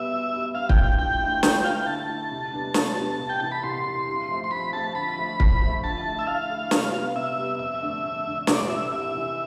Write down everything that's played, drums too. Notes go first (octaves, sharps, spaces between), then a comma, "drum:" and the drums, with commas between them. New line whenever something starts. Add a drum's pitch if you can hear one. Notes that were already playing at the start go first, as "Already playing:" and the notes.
Already playing: B2 G3 B3 E5
B2
G3 B3
G2 F5
G5, drum: kick
E3 A3 D4 F4
G5
G2 G5
E3 A3 D4 F4
D3, drum: snare
A3 E4 F5
G5
D3 A5
A3 E4
C3
G3 B3 D4
C3, drum: snare
G3 B3 D4
C2
G5
C3 E3 A5
B5
C2 C6
C3 E3
G2
F3 A3 C4
C6
G2 B5
F3 A3 C4 A5
D3 B5
F3 A3
D3, drum: kick
F3 A3
D3 A5
A3 E4
E5
D3 F5
A3 E4
C3, drum: snare
G3 B3
C3 E5
G3 B3
F2 E5
D3 A3 D4
F2
D3 A3 D4
C2 D5, drum: snare
C3 E3 E5
C2 E5
C3 E3